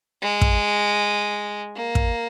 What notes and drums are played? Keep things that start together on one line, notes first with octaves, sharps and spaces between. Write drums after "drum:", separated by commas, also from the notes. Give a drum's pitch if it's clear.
G#3
drum: kick
A#3
drum: kick